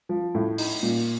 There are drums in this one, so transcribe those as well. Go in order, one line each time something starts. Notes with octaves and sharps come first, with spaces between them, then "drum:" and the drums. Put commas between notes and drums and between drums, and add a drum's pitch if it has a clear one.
F3
A2
D#4, drum: open hi-hat
A#2